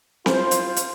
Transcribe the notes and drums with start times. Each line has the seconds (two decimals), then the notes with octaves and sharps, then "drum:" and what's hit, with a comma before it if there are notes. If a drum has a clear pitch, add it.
0.26 F4 C5, drum: snare C4
0.51 drum: hi-hat
0.76 drum: hi-hat